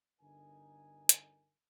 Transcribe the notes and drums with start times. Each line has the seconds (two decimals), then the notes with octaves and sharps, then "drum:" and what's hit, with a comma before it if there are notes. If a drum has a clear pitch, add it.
0.21 G1 D3 D#4 A#4 G#5
1.09 drum: hi-hat